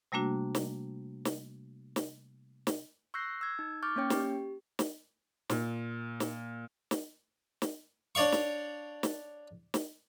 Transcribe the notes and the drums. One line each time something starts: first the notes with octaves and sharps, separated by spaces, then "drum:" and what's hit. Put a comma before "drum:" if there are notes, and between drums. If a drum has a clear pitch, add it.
C3 G3 A3 A#3 D4 F#4
drum: snare
drum: snare
drum: snare
drum: snare
C#6 E6 F#6 G6 A#6 C7
E6 G#6
D#4
C#6 D6 F6 G6 A6
A#3 C#4 C#5 G5
G4, drum: snare
drum: snare
A#2, drum: snare
drum: snare
drum: snare
drum: snare
D4 C#5 D5 F5 C#6
drum: snare
drum: snare
drum: snare